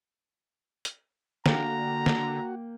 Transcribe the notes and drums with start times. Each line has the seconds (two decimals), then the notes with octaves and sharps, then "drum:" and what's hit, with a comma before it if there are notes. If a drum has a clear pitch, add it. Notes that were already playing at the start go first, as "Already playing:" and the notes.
0.85 drum: hi-hat
1.46 D3 A#3 F#4 G5 A#5, drum: snare
2.06 drum: snare